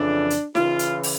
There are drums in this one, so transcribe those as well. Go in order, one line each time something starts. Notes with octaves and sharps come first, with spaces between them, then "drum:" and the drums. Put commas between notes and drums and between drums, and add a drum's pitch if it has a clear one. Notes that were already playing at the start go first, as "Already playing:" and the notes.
Already playing: F2 C#3 E3 D4
drum: hi-hat
C#3 E3 F4, drum: snare D#4
drum: hi-hat
drum: open hi-hat